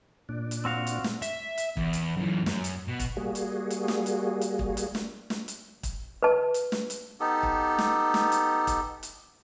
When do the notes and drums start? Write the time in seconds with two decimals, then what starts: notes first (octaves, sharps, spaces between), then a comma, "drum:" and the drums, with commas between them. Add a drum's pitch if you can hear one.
0.29 A#2 D4
0.51 drum: hi-hat
0.65 C4 F#4 F5
0.87 drum: hi-hat
1.04 drum: snare
1.22 E5, drum: hi-hat
1.58 drum: hi-hat
1.77 E2, drum: kick
1.93 drum: hi-hat
2.17 F#2 E3
2.46 F#2, drum: snare
2.64 drum: hi-hat
2.88 B2
2.99 drum: kick, hi-hat
3.17 G3 A#3 F#4 G#4
3.35 drum: hi-hat
3.70 drum: hi-hat
3.88 drum: snare
4.06 drum: hi-hat
4.41 drum: hi-hat
4.59 drum: kick
4.77 drum: hi-hat
4.95 drum: snare
5.30 drum: snare
5.48 drum: hi-hat
5.83 drum: kick, hi-hat
6.23 B4 A5
6.54 drum: hi-hat
6.72 drum: snare
6.90 drum: hi-hat
7.20 B3 D#4 G4 A4
7.43 drum: kick
7.78 drum: snare
8.14 drum: snare
8.32 drum: hi-hat
8.67 drum: kick, hi-hat
9.03 drum: hi-hat